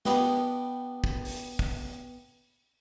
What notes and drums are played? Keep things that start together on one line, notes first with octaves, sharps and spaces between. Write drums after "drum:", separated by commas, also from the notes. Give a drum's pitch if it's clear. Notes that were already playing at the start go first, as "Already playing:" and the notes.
B3 D4 G4 B4 D#5 G5, drum: snare
drum: kick
drum: open hi-hat
drum: kick